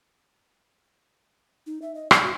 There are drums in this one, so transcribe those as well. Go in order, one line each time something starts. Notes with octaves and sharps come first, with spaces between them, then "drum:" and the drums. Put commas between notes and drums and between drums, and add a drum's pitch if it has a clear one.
D#4
E5
D#5
D5, drum: rim click
F#4